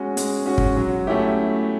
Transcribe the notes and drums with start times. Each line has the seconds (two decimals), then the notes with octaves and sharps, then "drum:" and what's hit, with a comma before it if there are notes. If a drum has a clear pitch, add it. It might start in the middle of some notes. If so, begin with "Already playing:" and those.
Already playing: G#3 C#4 F#4
0.17 G#3, drum: hi-hat
0.46 C#4 F#4
0.58 drum: kick
0.77 F#3
1.07 A3 C#4 E4 G4